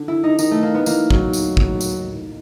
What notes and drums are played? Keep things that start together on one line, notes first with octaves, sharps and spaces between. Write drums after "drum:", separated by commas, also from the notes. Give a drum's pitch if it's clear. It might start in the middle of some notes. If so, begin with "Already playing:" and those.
Already playing: D3
E4
D#4
D#3 D#4, drum: tambourine
A3
A#3
B3
E3 A#3, drum: tambourine
F#3, drum: kick
drum: tambourine
drum: kick
drum: tambourine